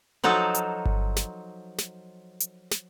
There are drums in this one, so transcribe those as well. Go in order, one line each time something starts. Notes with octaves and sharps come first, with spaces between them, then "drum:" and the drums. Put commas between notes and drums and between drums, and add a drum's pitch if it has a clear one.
F3 F#3 D#4 A4
drum: hi-hat
drum: kick G1
drum: snare
drum: snare
drum: hi-hat
drum: snare